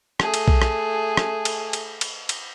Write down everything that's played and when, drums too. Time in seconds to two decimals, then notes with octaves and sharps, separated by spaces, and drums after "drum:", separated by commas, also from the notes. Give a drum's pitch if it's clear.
0.20 A3 G#4, drum: rim click
0.34 drum: cymbal
0.48 drum: kick B1
0.62 drum: rim click
1.17 drum: rim click
1.45 drum: cymbal
1.73 drum: cymbal
2.01 drum: cymbal
2.29 drum: cymbal